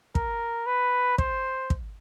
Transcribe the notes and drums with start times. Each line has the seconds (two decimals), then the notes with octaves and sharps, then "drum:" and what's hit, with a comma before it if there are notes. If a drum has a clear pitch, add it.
0.15 A#4, drum: kick
0.67 B4
1.18 C5, drum: kick
1.70 drum: kick